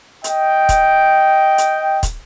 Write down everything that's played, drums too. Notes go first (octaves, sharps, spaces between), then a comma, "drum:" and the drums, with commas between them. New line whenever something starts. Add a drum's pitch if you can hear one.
D#5 G5, drum: hi-hat
drum: kick, hi-hat
drum: hi-hat
drum: kick, hi-hat